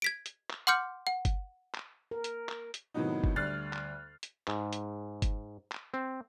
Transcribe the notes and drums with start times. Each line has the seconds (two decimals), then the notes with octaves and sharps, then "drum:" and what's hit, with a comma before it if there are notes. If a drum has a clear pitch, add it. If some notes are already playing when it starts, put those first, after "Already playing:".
0.02 G#6 B6 D7
0.26 drum: hi-hat
0.51 drum: clap
0.67 F#5 C6 D6 F6 G6 C#7
1.07 F#5
1.25 drum: kick G1, hi-hat
1.75 drum: clap
2.11 A#4
2.24 drum: hi-hat
2.49 drum: clap
2.74 drum: hi-hat
2.94 A2 C3 D#3 F#3 B3 D#4
3.24 drum: kick G1
3.36 D2 G3 F6 F#6 A6 C7
3.73 drum: clap
4.23 drum: hi-hat
4.48 G#2, drum: clap
4.73 drum: hi-hat
5.22 drum: kick G1, hi-hat
5.72 drum: clap
5.94 C4